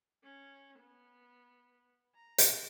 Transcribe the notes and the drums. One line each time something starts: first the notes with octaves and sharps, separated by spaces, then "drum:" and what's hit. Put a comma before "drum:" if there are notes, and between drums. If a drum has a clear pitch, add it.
C#4
B3
A#5
drum: hi-hat